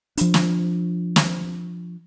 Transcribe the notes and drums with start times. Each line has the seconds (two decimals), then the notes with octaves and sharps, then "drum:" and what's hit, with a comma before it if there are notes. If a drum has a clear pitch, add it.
0.17 F3 D4, drum: hi-hat
0.34 drum: snare
1.16 drum: snare